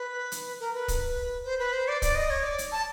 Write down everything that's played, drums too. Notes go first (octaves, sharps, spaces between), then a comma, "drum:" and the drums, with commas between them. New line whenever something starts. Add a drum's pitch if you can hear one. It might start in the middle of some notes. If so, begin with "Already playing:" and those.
Already playing: B4
drum: hi-hat
A#4
B4
drum: kick, hi-hat
C5
B4
C5
D5
D5, drum: kick, hi-hat
D#5
C#5
D5
drum: hi-hat
A5